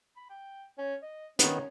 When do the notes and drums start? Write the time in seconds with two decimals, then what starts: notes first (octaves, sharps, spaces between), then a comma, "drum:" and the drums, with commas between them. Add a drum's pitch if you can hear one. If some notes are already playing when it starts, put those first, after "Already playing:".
0.17 B5
0.30 G5
0.78 C#4
1.03 D#5
1.39 D#3 B3 C#4, drum: hi-hat